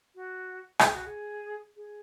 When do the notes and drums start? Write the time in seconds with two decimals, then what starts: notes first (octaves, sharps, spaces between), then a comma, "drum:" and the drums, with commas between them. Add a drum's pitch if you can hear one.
0.15 F#4
0.79 G#4, drum: rim click
0.93 F#4
1.06 G#4
1.76 G#4